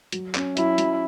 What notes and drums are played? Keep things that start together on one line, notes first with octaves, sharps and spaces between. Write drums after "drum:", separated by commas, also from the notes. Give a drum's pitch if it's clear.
F#3, drum: hi-hat
C#4, drum: clap
F#3 E4, drum: hi-hat
F#3, drum: hi-hat